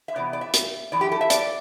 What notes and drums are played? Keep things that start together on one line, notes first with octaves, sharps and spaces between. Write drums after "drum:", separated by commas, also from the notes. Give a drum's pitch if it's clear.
E5
C3 E3 B3 E4 D5
D5
E5
drum: hi-hat
F#2 E3 A3 E4 D5
G4
A4
E5
D5, drum: hi-hat